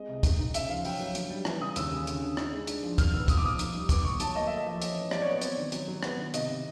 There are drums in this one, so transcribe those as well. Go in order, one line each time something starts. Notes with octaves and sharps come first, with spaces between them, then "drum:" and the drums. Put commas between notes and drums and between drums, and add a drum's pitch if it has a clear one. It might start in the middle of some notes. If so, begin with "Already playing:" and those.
Already playing: G#3 C4 D#5
C2
D#4, drum: kick, hi-hat
D#4
C#3 E5, drum: hi-hat
F3 F5
F#3 G5, drum: open hi-hat
F#3
D3, drum: hi-hat
G3
E3, drum: rim click
C#3 D#6
D#2 E6, drum: hi-hat
C#3
D3, drum: hi-hat
D3
D#4, drum: rim click
G#3
D4, drum: hi-hat
F3
D#3 F6, drum: kick, hi-hat
B3 E6
F3 D#6, drum: kick, hi-hat
D6
F3 D#6
D#4, drum: hi-hat
G3
B3 D6, drum: kick, hi-hat
D#3 C#6
F#3 A5, drum: hi-hat
A#3 D#5
A3 E5
D#5
F3
C#4, drum: hi-hat
E3
F#3 D5, drum: rim click
C#5
B3
C4, drum: hi-hat
D#3
F#3, drum: hi-hat
F#3
B3, drum: rim click
D#3
C3 D#5, drum: hi-hat
C3